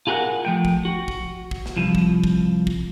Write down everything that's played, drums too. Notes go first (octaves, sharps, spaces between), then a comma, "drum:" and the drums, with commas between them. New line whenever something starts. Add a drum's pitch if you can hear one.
F4 G#4 A#4 F5 F#5
F3 A3 G5
drum: kick
F#4
drum: kick
drum: kick
drum: snare
C2 F3
drum: kick
drum: kick
drum: kick